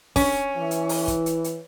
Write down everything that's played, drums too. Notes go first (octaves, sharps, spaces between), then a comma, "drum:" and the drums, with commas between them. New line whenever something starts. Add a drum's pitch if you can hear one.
C#4, drum: kick, open hi-hat
E3
drum: hi-hat
drum: open hi-hat
drum: kick, hi-hat
drum: hi-hat
drum: hi-hat